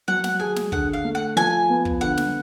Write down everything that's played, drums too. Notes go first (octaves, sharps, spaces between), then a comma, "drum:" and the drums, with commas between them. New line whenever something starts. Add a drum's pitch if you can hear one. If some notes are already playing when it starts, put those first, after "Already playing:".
F#3 F#5
F#5, drum: snare
G#4 G#5
drum: snare
D3 F#5, drum: kick
F5
A3
F#5
F3 G#5
B3
drum: kick
D3 F#5
drum: snare